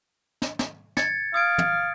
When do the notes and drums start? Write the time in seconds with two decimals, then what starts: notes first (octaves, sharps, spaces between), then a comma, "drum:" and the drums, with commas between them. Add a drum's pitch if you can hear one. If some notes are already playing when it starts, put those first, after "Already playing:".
0.42 drum: snare
0.59 drum: snare
0.97 G#6 A6 C#7, drum: snare
1.34 F5 D#6 G#6 D7
1.58 drum: tom